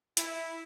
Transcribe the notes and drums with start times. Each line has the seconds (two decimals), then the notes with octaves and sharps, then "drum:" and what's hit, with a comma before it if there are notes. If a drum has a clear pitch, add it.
0.17 E4, drum: hi-hat